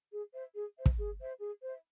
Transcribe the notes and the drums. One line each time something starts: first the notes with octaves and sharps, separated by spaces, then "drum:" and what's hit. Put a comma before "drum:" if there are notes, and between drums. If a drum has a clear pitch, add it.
G#4
C5 E5
G#4
C5 E5
drum: kick
G#4
C5 E5
G#4
C5 E5